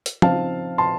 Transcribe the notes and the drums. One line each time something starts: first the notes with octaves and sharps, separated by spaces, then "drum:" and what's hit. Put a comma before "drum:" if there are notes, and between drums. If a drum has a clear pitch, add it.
drum: hi-hat
C#3 F3 C4 D#4 F5 A5, drum: tom F3
A5 C6